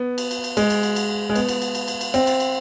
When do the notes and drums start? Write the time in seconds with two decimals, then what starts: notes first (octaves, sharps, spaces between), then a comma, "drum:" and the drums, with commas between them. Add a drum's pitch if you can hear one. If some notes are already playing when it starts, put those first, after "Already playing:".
Already playing: B3
0.18 drum: cymbal
0.31 drum: cymbal
0.44 drum: cymbal
0.57 G#3, drum: cymbal
0.70 drum: cymbal
0.83 drum: cymbal
0.96 drum: cymbal
1.30 G#3
1.35 B3, drum: cymbal
1.49 drum: cymbal
1.62 drum: cymbal
1.75 drum: cymbal
1.88 drum: cymbal
2.01 drum: cymbal
2.14 C4, drum: cymbal
2.27 drum: cymbal
2.40 drum: cymbal